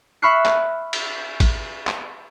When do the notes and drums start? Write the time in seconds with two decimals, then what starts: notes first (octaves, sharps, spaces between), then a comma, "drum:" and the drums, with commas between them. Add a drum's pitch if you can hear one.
0.22 E5 B5 C#6 F6 F#6 C7
0.46 drum: clap
0.93 drum: cymbal
1.40 drum: kick, cymbal
1.87 drum: clap